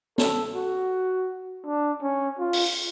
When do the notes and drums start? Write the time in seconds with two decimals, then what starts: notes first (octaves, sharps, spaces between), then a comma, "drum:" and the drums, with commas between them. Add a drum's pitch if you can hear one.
0.18 A4, drum: snare
0.55 F#4
1.66 D4
2.03 C#4
2.39 F4
2.53 drum: open hi-hat